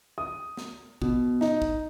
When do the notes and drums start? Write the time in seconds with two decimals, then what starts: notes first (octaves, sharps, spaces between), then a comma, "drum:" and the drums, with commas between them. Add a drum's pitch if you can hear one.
0.18 D#6
0.57 drum: snare
1.02 B2, drum: kick
1.41 D#4, drum: snare
1.62 drum: kick